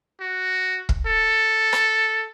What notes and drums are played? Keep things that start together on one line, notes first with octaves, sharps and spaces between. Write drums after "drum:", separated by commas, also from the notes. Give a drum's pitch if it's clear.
F#4
drum: kick
A4
drum: rim click